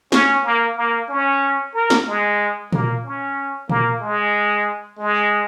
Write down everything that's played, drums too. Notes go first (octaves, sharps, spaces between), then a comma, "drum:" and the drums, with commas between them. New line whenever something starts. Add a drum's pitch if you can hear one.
C#4, drum: snare
A#3
A#3
C#4
A#4
drum: snare
G#3
A#3, drum: tom A#2
C#4
A#3, drum: tom A#2
G#3
G#3